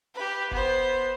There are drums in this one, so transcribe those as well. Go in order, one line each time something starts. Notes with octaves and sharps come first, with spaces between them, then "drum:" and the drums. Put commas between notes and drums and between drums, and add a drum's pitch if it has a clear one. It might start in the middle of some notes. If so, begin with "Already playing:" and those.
G4 B4
B3 C5, drum: kick F1